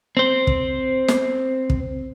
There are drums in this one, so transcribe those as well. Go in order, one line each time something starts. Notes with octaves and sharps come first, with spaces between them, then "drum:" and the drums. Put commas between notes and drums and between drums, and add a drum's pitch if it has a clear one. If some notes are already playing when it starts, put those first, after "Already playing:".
C4 C5
drum: kick
drum: snare
drum: kick